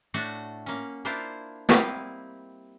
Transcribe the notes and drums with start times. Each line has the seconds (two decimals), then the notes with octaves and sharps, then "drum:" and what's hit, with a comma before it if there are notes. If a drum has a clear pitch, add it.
0.14 A2 A3 D4 F#4 F#5
0.66 A#3 C#4
1.05 A#3 D4 E4 F4 C5
1.69 G3 A#3 C4 E4 D#5 F5, drum: snare